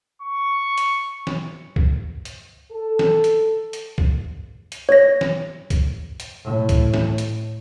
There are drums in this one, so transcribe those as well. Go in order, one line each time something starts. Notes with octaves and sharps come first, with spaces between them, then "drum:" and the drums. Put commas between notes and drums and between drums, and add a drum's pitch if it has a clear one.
C#6
drum: hi-hat
drum: snare
drum: kick
drum: hi-hat
A4
drum: snare
drum: hi-hat
drum: hi-hat
drum: kick
drum: hi-hat
C#5 A#6
drum: snare
drum: kick, hi-hat
drum: hi-hat
A2
drum: kick, hi-hat
drum: snare
drum: hi-hat